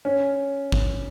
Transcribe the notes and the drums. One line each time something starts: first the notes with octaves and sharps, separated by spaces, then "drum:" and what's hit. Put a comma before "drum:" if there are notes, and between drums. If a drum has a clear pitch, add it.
C#4
drum: kick G#1